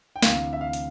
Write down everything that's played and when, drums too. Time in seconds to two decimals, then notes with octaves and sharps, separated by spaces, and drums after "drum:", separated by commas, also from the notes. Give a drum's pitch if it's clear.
0.16 G5
0.22 D2 C3 E3 F5, drum: snare
0.53 E5
0.61 F5
0.73 drum: hi-hat